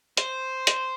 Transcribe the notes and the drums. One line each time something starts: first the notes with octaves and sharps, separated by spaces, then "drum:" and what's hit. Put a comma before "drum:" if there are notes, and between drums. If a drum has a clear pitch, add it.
C5, drum: hi-hat
drum: hi-hat